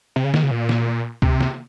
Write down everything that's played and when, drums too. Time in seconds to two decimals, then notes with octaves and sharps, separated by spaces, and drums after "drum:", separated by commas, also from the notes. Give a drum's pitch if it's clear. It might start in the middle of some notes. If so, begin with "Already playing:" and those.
0.16 C3
0.24 C#3
0.34 D#3, drum: snare
0.43 C#3
0.51 A#2
0.69 drum: snare
1.22 C3, drum: kick
1.41 drum: snare